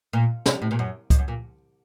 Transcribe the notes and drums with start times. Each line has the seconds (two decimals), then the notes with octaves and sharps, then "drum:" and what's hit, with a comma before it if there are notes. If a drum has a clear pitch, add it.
0.13 A#2
0.46 C3, drum: snare
0.62 A2
0.71 A#2
0.79 F#2
1.10 F2, drum: kick C#2, hi-hat
1.19 F#2
1.28 A#2